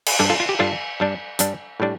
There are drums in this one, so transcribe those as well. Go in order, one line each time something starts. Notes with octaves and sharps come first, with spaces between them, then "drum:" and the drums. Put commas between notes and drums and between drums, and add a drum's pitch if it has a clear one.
drum: cymbal
G2 G3 D4 A4 D5
F4 A4
F4
G4
G2 G3 D4 F4 A4
G2 G3 D4
G2 G3 D4, drum: hi-hat
A2 G3 D4